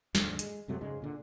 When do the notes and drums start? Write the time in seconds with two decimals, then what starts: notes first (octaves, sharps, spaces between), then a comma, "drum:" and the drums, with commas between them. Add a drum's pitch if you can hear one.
0.15 D#2 G#2 D3 A3, drum: snare
0.39 G#3, drum: hi-hat
0.68 F#2 C3 F#3 A3
0.81 G#2 C#3 G#3
1.02 A#2 D3